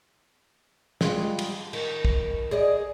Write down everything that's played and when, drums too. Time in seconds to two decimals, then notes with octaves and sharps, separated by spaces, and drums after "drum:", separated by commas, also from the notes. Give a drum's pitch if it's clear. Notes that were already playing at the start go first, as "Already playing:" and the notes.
1.01 G3 G#3 F4, drum: snare
1.39 drum: cymbal
1.73 D#3, drum: cymbal
2.05 drum: kick
2.51 G#4 D5 D#5